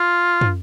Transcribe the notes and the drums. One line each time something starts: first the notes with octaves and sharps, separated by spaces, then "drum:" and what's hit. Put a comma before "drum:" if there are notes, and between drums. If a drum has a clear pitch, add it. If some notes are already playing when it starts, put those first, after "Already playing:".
Already playing: F4
drum: tom